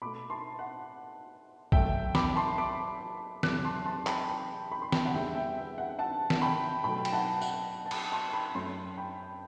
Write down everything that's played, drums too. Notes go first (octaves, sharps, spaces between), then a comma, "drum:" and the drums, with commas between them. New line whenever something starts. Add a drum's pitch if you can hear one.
B2 A3 B5 D6
A5 C6
F#5
B2 F#3 A3 E5 G5, drum: kick
B5 D6, drum: snare
A5 C6
B5 D6
E2 C3 F#3 D6 F#6, drum: snare
A5 C6
A5 C6
G5 B5, drum: clap
A5
G5 B5
B5
C6
G5 B5, drum: snare
F#5
E2 D3 G3 B3 E5 G5
E5 G5
E5
F#5
F#5 A5
drum: snare
G5 B5
B2 F#3 A3 G5 B5
G5, drum: cymbal
F#5 A5
F#5, drum: tambourine
A5
G5 B5, drum: cymbal
A5 C6
G5 B5
F#2 F#3 A3 A5 C6
G5 B5